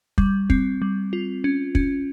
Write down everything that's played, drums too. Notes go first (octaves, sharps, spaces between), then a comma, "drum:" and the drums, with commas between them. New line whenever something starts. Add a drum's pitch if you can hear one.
G3, drum: kick
C4, drum: kick
G3
F4
C#4
C#4, drum: kick